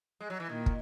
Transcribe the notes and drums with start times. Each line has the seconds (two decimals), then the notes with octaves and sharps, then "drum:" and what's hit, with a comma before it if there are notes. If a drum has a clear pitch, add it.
0.20 G#3
0.30 F#3
0.40 E3
0.49 A#2 D#3
0.66 drum: kick